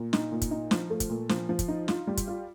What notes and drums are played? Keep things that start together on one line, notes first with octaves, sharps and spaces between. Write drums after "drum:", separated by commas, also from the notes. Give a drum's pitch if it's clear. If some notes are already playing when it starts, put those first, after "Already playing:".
Already playing: A#2
D#4, drum: snare
A#2
drum: kick, hi-hat
D#4
F3, drum: snare
A3
drum: kick, hi-hat
A#2
F3, drum: snare
F3
drum: kick, hi-hat
D#4
F4, drum: snare
G3
drum: kick, hi-hat
F4